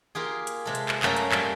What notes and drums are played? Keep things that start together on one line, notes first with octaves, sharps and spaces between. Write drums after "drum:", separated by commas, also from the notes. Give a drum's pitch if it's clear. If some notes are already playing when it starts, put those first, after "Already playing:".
A#3 F4 G4 G#4
drum: hi-hat
C3 G#3 A4
drum: hi-hat
drum: clap
F#2 A3 A#3 C#4 A4 A#5, drum: clap
drum: hi-hat
G3 G5, drum: clap